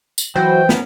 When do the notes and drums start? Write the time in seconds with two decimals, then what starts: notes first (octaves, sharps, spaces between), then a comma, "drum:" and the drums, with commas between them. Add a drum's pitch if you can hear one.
0.18 drum: tambourine
0.36 E3 F#3 F#4 C5 G5
0.69 B3 C#4 A#4, drum: snare